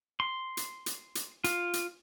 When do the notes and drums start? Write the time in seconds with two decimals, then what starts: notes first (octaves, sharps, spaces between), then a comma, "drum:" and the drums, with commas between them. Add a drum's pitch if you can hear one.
0.20 C6
0.57 drum: hi-hat
0.86 drum: hi-hat
1.15 drum: hi-hat
1.44 F4, drum: hi-hat
1.73 drum: hi-hat